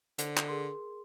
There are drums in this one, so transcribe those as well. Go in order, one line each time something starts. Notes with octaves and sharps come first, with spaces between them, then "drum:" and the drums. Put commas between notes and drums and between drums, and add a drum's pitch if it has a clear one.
D3 C5, drum: hi-hat
drum: clap
G#4 A#4 C6